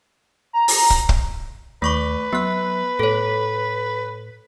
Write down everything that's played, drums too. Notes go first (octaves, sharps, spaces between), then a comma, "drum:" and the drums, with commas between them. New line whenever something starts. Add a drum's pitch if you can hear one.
A#5
drum: open hi-hat
drum: kick
drum: kick
D#2 A3 B4 C#6 D6
F#3 B3 F#6
A2 A4 C#5